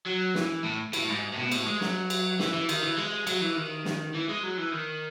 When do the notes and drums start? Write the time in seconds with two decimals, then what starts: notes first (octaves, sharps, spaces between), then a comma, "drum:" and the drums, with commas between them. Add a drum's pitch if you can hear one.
0.06 F#3
0.35 E3, drum: snare
0.64 A2
0.93 A2, drum: cymbal
1.08 G#2
1.33 A2
1.37 B2
1.52 A2, drum: cymbal
1.66 G#3
1.81 F#3, drum: snare
2.10 drum: cymbal
2.39 E3, drum: snare
2.54 E3
2.69 D#3, drum: cymbal
2.84 E3
2.98 G#3
3.27 F#3, drum: cymbal
3.41 E3
3.56 D#3
3.85 drum: snare
4.14 E3
4.29 G#3
4.43 F#3
4.57 E3
4.72 D#3